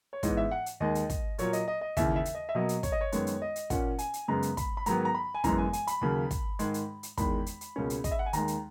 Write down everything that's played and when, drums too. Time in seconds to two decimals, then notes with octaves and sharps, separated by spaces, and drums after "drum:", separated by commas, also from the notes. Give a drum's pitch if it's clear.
0.13 C#5
0.23 G#2 E3 B3 D#5, drum: kick, hi-hat
0.37 E5
0.51 F#5
0.66 drum: hi-hat
0.80 D#2 D#3 G#3 D#5
0.95 drum: hi-hat
1.10 drum: kick, hi-hat
1.38 A#2 F#3 A#3 C#5, drum: hi-hat
1.53 D#5, drum: hi-hat
1.68 D#5
1.81 D#5
1.97 D#2 C#3 E3 E5, drum: kick, hi-hat
2.16 E5
2.25 drum: hi-hat
2.35 D#5
2.49 E5
2.55 B2 F#3 A#3 D#5
2.69 drum: hi-hat
2.83 C#5, drum: kick, hi-hat
2.92 D#5
3.01 C#5
3.12 F#2 D#3 G#3 B3 C#5, drum: hi-hat
3.27 drum: hi-hat
3.42 D#5
3.56 drum: hi-hat
3.70 A#2 A#3 C#4 F#5, drum: kick, hi-hat
3.99 G#5, drum: hi-hat
4.14 drum: hi-hat
4.28 F#2 C#3 G#3 B3 A#5
4.42 drum: hi-hat
4.57 B5, drum: kick, hi-hat
4.77 B5
4.86 G#2 D#3 F#3 B3 A#5, drum: hi-hat
5.05 A#5
5.15 B5
5.35 G#5
5.44 F#2 E3 G#3 B3 A#5, drum: kick, hi-hat
5.58 G#5
5.73 G#5, drum: hi-hat
5.87 B5, drum: hi-hat
6.01 D#2 C#3 F#3 A#3
6.31 drum: kick, hi-hat
6.59 G#2 D#3 G#3, drum: hi-hat
6.74 drum: hi-hat
7.03 drum: hi-hat
7.18 E2 D#3 G#3 B5, drum: kick, hi-hat
7.46 drum: hi-hat
7.61 drum: hi-hat
7.76 C#2 B2 A#3 C#4
7.90 drum: hi-hat
8.04 D#5, drum: kick, hi-hat
8.11 E5
8.19 F#5
8.26 G#5
8.33 D#2 D#3 G#3 A#5, drum: hi-hat
8.48 drum: hi-hat